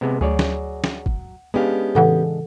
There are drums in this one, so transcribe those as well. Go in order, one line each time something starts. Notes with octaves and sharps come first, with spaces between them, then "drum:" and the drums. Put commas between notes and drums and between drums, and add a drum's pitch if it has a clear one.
C3 G#3 B3
D2 F#3 G#4 C#5 D5
drum: snare
drum: snare
drum: kick
G#3 B3 C#4 D4 G4 F5
A2 C#3 E3 A4 F#5